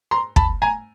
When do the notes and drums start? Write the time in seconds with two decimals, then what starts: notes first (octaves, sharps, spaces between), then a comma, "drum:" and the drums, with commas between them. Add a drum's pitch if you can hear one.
0.11 A#5 C6
0.36 A5 B5, drum: kick
0.62 G#5 A#5